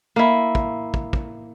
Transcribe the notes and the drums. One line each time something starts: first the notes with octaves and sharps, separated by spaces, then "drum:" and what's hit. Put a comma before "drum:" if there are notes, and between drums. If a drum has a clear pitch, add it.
A#3 E4
drum: kick
drum: kick
drum: kick